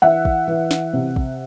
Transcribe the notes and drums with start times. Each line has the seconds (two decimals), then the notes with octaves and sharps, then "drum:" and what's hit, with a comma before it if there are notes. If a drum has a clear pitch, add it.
0.02 E3 E5 F#5
0.25 drum: kick
0.48 E3
0.71 drum: snare
0.93 C3
1.16 drum: kick